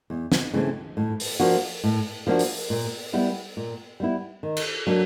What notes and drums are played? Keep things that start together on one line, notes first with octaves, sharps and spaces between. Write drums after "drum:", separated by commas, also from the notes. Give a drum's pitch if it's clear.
E2
drum: snare
C#3 E3 A3 C4
A2
drum: open hi-hat
F3 A#3 D4 F#4
A2
F3 A#3 D4 F#4
drum: open hi-hat
A#2
G3 B3 E4
A#2
G3 B3 E4
D#3
drum: cymbal
F#3 A#3 D4